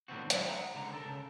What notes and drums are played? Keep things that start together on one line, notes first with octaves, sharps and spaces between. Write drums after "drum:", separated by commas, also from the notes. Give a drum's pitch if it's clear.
A2 D3 D#3 B3 C4 F#4
F#3 G#3 C4 D4 E4, drum: hi-hat
F#5 A#5
C#2 D3 A5 A#5
A4 A#4
C#3